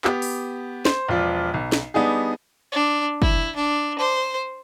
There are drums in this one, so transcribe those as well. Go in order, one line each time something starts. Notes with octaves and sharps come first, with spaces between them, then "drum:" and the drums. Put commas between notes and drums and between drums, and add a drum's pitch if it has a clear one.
B3 G4, drum: clap
drum: open hi-hat
C5, drum: snare
E1 F3 F4 D5
B1
drum: snare
G3 B3 D4 D#4 G#4
D4
E4, drum: kick
D4
C5